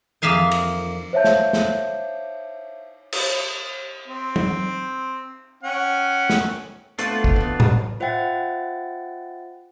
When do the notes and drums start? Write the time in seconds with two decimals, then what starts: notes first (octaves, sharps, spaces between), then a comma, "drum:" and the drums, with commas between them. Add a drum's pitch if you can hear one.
0.22 F2 A#3 G#4 E5 F5 G#5
0.51 drum: cymbal
1.13 C5 C#5 E5 F5 A5 G6
1.24 drum: snare
1.53 drum: snare
3.12 drum: cymbal
4.08 C4
4.36 drum: tom F#3
5.64 C#4 F#5 G5
6.30 drum: snare
6.99 A3 B3 C4 D4 F4 F#4, drum: hi-hat
7.24 drum: kick A1
7.36 E3 B3
7.60 drum: tom A2
8.00 F4 C5 E5 F#5 G5 A6